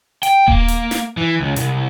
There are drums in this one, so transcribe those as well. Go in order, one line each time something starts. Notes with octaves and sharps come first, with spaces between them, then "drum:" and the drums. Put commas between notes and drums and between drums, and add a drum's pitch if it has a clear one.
G5, drum: hi-hat
A#3, drum: kick D#1
drum: hi-hat
drum: snare
E3
C#2
C2, drum: hi-hat